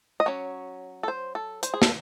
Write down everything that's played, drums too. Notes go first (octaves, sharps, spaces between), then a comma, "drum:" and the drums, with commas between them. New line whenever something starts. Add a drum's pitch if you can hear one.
D#5
F#3 C#4 C#5
A4
C5
A4
C5, drum: hi-hat
G#4
A4, drum: snare